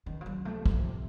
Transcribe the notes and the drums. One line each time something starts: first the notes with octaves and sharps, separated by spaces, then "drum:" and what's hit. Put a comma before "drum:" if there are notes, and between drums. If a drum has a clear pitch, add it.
C#2 D#3
F3
F#3
C3 F3 A3
F3, drum: kick
A2 C3